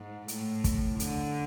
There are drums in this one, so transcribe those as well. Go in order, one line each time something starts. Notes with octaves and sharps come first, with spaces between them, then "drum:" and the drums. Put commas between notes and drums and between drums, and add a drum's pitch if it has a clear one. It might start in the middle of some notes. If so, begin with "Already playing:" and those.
Already playing: G#2
A2, drum: hi-hat
drum: kick, hi-hat
D3, drum: hi-hat